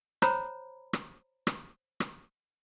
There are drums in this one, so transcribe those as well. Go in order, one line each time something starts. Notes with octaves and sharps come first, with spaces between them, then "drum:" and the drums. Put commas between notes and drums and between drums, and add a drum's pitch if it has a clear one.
C5 C#5 A#5 B5, drum: rim click
drum: rim click
drum: rim click
drum: rim click